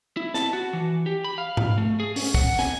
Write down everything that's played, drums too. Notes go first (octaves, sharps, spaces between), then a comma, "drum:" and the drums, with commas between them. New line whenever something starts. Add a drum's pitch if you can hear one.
E4
A5, drum: snare
F#4
E3
G4
B5
F5
drum: tom G#2
A3
G#4
C#4, drum: open hi-hat
F#5, drum: kick
G#5, drum: snare